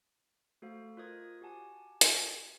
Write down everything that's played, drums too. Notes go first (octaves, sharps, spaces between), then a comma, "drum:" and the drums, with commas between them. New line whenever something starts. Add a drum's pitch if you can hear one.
A3 F#4 A4 C5 F5
F4 A#4 C5 D#5 D#6 G#6
F#4 G4 F#5 G#5 A5
drum: hi-hat